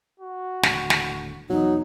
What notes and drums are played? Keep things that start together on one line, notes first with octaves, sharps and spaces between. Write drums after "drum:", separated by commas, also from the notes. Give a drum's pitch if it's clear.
F#4
D#1 A2 D3, drum: snare
drum: snare
E2 B2 F#3 D#4